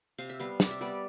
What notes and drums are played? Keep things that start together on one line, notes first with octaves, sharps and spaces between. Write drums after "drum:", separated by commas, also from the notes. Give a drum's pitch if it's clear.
C3 F5
E5
G3 B3 F5
C3 D5, drum: snare
E5
G3 B3 D5